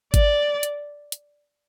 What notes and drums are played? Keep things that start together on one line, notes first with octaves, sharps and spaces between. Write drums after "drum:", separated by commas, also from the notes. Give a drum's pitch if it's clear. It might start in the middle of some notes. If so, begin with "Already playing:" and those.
D5, drum: kick G#1, hi-hat
drum: hi-hat
drum: hi-hat